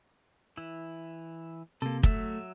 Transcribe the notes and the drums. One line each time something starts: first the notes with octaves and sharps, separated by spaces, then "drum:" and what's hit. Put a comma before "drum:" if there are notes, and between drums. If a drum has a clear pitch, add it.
E3 E4
C3 A#3 A4
F#3 A3 E5, drum: kick